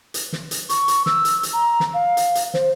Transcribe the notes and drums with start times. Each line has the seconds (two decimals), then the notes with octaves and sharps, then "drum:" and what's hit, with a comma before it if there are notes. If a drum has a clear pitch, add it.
0.14 drum: hi-hat
0.33 drum: snare
0.51 drum: hi-hat
0.69 C#6, drum: hi-hat
0.88 drum: hi-hat
1.06 E6, drum: snare
1.25 drum: hi-hat
1.43 drum: hi-hat
1.53 A#5
1.80 drum: snare
1.94 F5
2.17 drum: hi-hat
2.35 drum: hi-hat
2.54 C5, drum: snare